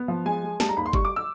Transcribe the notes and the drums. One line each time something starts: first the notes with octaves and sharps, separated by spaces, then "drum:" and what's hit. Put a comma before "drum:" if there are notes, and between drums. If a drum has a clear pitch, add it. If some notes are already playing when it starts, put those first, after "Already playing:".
Already playing: B3
F3
G#3 G#5
G#3
G3 A5, drum: snare
A#5
D#2 B5
C6
G3 C#6, drum: kick G1
D6
E6